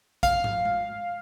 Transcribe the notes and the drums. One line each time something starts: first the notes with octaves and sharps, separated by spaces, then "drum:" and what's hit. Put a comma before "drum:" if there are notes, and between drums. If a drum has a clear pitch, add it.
F5, drum: kick, hi-hat
drum: tom
drum: tom G#3